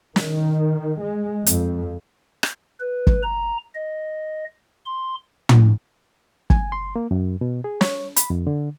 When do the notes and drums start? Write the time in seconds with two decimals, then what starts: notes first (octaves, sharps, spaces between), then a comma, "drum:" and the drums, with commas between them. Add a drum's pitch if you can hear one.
0.16 D#3, drum: snare
1.02 G#3
1.46 F2, drum: hi-hat
2.43 drum: rim click
2.80 B4
3.07 drum: kick
3.23 A#5
3.75 D#5
4.86 C6
5.49 drum: tom
6.50 G#5, drum: kick
6.72 C6
6.96 A#3
7.11 F#2
7.41 B2
7.64 G#4
7.81 C#5, drum: snare
8.16 B5, drum: hi-hat
8.30 F2
8.47 D3